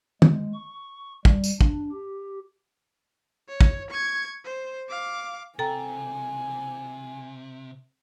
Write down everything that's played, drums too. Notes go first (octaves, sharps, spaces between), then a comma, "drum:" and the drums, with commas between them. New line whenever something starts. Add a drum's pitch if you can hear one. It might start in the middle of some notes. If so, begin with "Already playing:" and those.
G#3, drum: tom
C#6
G3, drum: kick
drum: tambourine
D4, drum: kick
G4
C#5
drum: kick
C#6 G#6
C5
F5 D6
C3 A4 G5 G#5 A#5